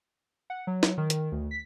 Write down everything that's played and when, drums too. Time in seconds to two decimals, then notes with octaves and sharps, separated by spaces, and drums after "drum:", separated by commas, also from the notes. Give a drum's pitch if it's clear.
0.50 F#5
0.67 F#3
0.83 drum: snare
0.98 D#3
1.10 drum: hi-hat
1.32 D2
1.51 B6